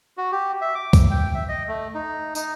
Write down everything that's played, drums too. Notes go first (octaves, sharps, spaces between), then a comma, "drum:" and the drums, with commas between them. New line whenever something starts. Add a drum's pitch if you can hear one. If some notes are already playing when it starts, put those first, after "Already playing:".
F#4
G4
E5
D6
drum: kick C2, tambourine
G5
E5
D#5
A3
D#4
D#4, drum: tambourine